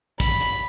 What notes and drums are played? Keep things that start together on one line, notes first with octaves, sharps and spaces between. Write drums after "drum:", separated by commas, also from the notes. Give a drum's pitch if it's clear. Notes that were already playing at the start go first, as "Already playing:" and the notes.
B5, drum: kick, hi-hat
drum: hi-hat